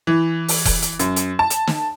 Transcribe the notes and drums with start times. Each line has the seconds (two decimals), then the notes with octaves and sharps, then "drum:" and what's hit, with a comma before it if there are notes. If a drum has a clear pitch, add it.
0.07 E3
0.48 drum: open hi-hat
0.65 drum: kick E1, open hi-hat
0.82 drum: hi-hat
0.99 F#2, drum: hi-hat
1.16 drum: hi-hat
1.39 A5
1.50 drum: hi-hat
1.67 drum: snare